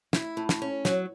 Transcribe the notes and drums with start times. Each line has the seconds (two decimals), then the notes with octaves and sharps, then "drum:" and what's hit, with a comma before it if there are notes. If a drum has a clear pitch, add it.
0.13 E4, drum: snare
0.37 A2
0.49 drum: snare
0.62 C#4
0.85 F#3, drum: snare